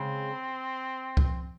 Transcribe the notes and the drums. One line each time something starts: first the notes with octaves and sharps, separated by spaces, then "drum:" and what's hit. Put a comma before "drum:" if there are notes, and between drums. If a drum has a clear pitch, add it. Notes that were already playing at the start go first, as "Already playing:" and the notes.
Already playing: C#3 G#3 C4
drum: kick